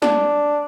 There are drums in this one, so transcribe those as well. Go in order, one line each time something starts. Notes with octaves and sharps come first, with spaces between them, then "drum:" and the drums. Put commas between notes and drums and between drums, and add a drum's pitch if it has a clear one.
D4, drum: snare